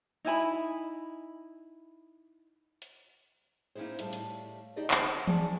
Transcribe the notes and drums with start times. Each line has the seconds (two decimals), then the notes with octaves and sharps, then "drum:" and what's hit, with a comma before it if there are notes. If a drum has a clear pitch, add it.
0.25 D#4 E4 G#5 B5
2.82 drum: hi-hat
3.75 A#3 C#4 D#4 E4 G#4 C5
3.99 A2 G3 F5 A5, drum: hi-hat
4.13 drum: hi-hat
4.76 D#4 G4 G#4 C5 D5 D#5
4.91 D#2 D#3 C5, drum: clap
5.27 B3 C#4 G#4 D5 G#5 A5, drum: tom E3